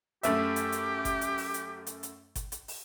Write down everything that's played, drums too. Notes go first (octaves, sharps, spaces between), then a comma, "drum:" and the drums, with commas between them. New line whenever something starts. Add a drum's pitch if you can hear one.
F#2 A3 G4 E5, drum: hi-hat
drum: hi-hat
drum: hi-hat
drum: kick G1, hi-hat
drum: hi-hat
drum: open hi-hat
drum: hi-hat
drum: hi-hat
drum: hi-hat
drum: kick G1, hi-hat
drum: hi-hat
drum: open hi-hat